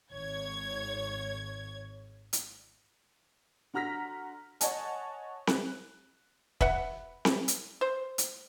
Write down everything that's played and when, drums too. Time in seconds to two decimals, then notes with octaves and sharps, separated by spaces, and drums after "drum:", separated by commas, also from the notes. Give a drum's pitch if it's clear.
0.13 G#1 C#5 G#6
2.33 drum: hi-hat
3.74 D3 F#4 A#5 F6 A#6 B6
4.61 C#5 D#5 F#5 G#5 A5, drum: hi-hat
5.47 F#6, drum: snare C4
6.61 B4 E5 F#5, drum: kick
7.25 drum: snare C4
7.48 drum: hi-hat
7.81 C5
8.18 drum: hi-hat